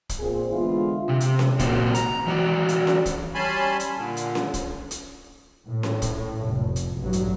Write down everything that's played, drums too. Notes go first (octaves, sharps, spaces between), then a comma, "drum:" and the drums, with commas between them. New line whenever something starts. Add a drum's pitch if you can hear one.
drum: kick, hi-hat
A#2 C4 G#4
D3 E3 G#3 B3 E4 F4
C3
drum: hi-hat
drum: snare C#4
A#2 C#3 A#3 C4 F#4, drum: kick, hi-hat
A#5, drum: hi-hat
E3 F#4 D5
drum: hi-hat
drum: snare C#4
drum: kick, hi-hat
G3 C#4 G#5 A5 B5 C6
drum: hi-hat
A#2 D3
drum: hi-hat
drum: snare C#4
drum: kick, hi-hat
drum: hi-hat
A2
drum: snare C#4
drum: kick, hi-hat
F1
drum: hi-hat
A1 G2 F#3
drum: hi-hat